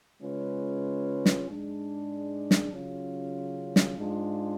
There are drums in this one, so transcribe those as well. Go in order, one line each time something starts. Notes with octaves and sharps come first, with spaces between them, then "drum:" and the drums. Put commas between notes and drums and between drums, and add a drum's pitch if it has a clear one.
C#3 G#3 C#4 F4 B4
drum: snare
G#2 G#3 D4
drum: snare
C#3 F#3 C#4 F4
drum: snare
G#2 G#3 D4 F4